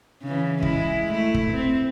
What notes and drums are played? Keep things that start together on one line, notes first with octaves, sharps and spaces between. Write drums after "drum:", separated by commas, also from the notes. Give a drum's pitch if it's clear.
C#3 E3
G#3 E4, drum: kick
A3 E4
drum: kick
C4